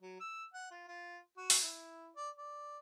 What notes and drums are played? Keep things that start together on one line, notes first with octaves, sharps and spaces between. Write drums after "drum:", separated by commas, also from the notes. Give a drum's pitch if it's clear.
F#3
E6
F#5
F4
F4
F#4
drum: open hi-hat
E4
D5
D5